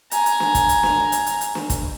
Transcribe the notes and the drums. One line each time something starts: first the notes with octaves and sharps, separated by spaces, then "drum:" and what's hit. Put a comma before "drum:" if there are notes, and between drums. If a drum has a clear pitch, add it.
G#5 A#5, drum: hi-hat
drum: hi-hat
drum: snare
drum: kick, hi-hat
drum: hi-hat
drum: snare
drum: hi-hat
drum: hi-hat
drum: hi-hat
drum: snare
drum: kick, hi-hat